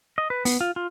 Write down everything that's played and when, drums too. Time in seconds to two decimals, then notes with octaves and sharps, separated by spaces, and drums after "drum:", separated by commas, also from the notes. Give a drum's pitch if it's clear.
0.18 D#5
0.30 B4
0.45 B3, drum: open hi-hat
0.61 F4
0.76 F4